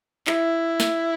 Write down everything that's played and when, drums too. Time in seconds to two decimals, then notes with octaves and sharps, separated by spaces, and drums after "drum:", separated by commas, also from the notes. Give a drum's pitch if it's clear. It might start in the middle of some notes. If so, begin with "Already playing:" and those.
0.27 E4, drum: clap
0.80 drum: snare